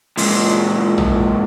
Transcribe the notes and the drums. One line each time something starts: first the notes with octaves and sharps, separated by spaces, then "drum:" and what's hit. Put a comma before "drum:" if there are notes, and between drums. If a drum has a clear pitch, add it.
C#2 A#2, drum: open hi-hat
drum: tom